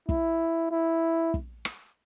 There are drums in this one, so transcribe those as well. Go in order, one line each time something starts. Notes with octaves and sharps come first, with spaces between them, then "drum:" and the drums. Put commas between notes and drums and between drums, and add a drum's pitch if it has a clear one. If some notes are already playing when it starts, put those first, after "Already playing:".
E4, drum: kick
E4
drum: kick
drum: rim click